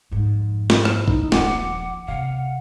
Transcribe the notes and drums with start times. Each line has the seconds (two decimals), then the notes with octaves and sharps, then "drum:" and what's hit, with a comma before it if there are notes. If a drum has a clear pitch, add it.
0.11 F2 G#2
0.70 E4, drum: snare
0.85 drum: rim click
1.08 D#4, drum: kick
1.32 D#1 A#1 F#5 D6, drum: snare
2.08 C3 F5 F#5